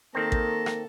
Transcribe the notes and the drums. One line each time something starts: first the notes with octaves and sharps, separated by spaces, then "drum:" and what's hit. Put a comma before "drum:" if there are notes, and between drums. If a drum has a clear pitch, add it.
D#3 A#3 C4 A4 A#5
drum: kick A1
drum: rim click